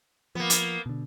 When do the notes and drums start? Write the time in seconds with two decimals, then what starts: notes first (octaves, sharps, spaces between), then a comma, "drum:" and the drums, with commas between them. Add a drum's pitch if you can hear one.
0.35 F3 A#3 B3
0.50 drum: hi-hat
0.86 B2 D3